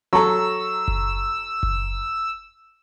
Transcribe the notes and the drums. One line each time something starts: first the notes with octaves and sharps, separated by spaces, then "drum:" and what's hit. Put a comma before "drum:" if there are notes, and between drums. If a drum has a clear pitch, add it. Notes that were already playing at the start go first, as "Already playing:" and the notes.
F#3 A4 A#5 C#6 E6
drum: kick F#1
drum: kick F#1